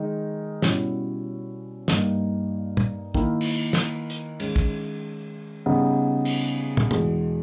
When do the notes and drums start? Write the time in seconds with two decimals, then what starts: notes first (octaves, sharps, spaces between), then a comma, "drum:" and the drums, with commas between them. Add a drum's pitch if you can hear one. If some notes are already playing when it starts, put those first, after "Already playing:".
Already playing: D#3 G#3 D#4
0.62 B2 G3 C#4 E4, drum: snare
1.88 G2 G3 A#3 D#4, drum: snare
2.77 drum: tom
3.14 D#3 A#3 E4, drum: kick
3.41 drum: cymbal
3.73 drum: snare
4.10 drum: hi-hat
4.40 D#3 G#3 C#4, drum: cymbal
4.56 drum: kick
5.66 C#3 G3 B3 D#4
6.25 drum: cymbal
6.77 drum: tom
6.91 E2 B2 G#3, drum: tom